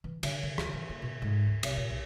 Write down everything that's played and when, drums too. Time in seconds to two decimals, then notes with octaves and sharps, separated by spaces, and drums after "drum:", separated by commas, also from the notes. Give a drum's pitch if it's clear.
0.04 E3
0.23 D3, drum: cymbal
0.43 D3
0.58 D2, drum: rim click
0.73 E3
0.89 A#3
1.02 B2
1.22 G#2
1.47 D2
1.63 C2, drum: cymbal
1.77 A#2
1.90 B1